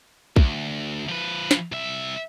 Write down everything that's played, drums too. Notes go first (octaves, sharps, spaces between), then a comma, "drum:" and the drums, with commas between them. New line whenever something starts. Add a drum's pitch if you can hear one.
D2, drum: kick
F3 B4
drum: snare
C2 E5